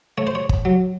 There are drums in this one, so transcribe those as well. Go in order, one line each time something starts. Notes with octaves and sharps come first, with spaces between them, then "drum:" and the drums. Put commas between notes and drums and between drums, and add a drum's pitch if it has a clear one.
A3 C#5
C5
C#5
drum: kick
F#3